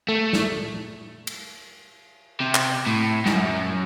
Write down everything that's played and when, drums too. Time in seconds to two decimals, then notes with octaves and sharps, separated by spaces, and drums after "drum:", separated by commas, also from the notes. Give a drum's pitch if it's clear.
0.09 A3
0.33 drum: snare
1.27 drum: cymbal
2.40 C3
2.55 drum: clap
2.87 A2
3.26 G#2, drum: snare
3.33 F#2